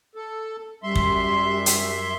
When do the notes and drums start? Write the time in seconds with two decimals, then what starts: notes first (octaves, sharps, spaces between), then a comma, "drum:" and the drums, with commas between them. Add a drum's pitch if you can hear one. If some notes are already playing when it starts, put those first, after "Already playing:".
0.15 A4
0.83 F#2 G3 E5 C6
0.95 drum: kick
1.66 drum: hi-hat